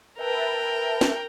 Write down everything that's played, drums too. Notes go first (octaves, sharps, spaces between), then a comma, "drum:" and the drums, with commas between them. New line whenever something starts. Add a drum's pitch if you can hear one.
A#4 B4 E5 G5 A5
drum: snare